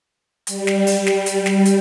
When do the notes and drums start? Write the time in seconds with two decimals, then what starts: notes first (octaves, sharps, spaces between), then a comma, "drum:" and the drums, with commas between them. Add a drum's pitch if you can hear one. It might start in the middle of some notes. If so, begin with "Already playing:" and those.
0.47 G3, drum: hi-hat
0.67 drum: snare
0.87 drum: open hi-hat
1.06 G3, drum: snare
1.26 drum: hi-hat
1.46 drum: snare
1.65 drum: hi-hat